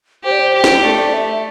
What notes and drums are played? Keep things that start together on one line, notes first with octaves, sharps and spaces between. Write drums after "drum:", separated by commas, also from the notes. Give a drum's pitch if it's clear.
G4 C5
D5
C5
G4
drum: snare
A3 D5
D5
E5
E5